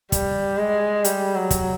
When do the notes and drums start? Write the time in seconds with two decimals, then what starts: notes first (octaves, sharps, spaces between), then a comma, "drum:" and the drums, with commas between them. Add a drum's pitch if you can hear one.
0.12 G3, drum: kick, hi-hat
0.58 G#3
1.04 G3, drum: hi-hat
1.35 F#3
1.51 drum: kick, hi-hat